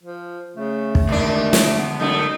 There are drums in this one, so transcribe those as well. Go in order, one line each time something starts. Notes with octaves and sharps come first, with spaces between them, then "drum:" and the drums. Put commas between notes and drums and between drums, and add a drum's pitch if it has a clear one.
F3
C#3 A3
drum: kick
D#2 D3 D#3 G#3 D4
drum: snare
B3
F#2 A3 D#4